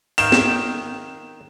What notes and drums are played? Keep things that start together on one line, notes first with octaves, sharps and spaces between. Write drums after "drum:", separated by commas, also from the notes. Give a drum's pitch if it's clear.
D#3 F5 G5 E7, drum: open hi-hat
drum: snare